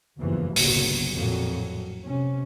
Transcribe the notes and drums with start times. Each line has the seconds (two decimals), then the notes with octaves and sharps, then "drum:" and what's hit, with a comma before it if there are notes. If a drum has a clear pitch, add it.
0.18 F#1 E2 G2 E3 F3
0.56 G1 C2 A#2 C#3 F#3 B3, drum: open hi-hat
1.15 A1 F2 A#2 F#3
2.05 C3 C#4